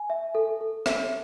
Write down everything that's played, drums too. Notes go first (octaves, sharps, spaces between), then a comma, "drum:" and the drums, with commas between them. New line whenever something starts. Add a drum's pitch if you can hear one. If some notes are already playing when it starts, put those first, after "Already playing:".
Already playing: G#5
E5
A4
A4
E5, drum: rim click